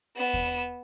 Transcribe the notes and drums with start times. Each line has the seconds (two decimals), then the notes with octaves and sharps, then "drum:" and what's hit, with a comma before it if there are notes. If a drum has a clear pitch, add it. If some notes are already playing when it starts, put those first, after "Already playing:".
0.17 B3 E7
0.33 drum: kick